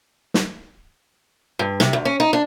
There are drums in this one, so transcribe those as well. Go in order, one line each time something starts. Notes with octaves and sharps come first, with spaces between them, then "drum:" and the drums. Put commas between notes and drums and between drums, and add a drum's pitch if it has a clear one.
drum: snare
G2
C3, drum: snare
D2
C#4
D#4
D4